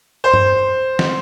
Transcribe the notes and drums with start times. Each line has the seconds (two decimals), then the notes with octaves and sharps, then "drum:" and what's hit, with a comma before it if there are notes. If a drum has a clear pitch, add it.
0.24 C5
0.33 drum: tom G2
0.99 drum: snare